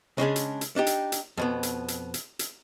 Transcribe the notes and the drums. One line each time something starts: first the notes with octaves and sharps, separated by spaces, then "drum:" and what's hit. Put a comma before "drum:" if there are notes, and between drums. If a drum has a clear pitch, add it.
C#3 G#3 C#4 D4
drum: hi-hat
drum: hi-hat
D4 D#4 G4
drum: hi-hat
drum: hi-hat
F2 B2 B3
drum: hi-hat
drum: hi-hat
drum: hi-hat
drum: hi-hat